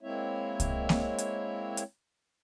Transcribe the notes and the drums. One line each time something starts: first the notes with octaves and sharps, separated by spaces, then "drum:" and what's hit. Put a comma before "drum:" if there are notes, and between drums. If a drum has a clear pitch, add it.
G#3 A#3 C4 E4 C#5 E5
drum: kick C2, hi-hat
drum: snare A#3
drum: hi-hat
drum: hi-hat